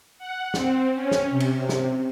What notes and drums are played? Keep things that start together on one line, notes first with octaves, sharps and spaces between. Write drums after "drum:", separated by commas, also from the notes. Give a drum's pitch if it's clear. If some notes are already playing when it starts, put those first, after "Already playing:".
F#5
C4, drum: snare
C#4
drum: snare
C3
drum: cymbal
drum: snare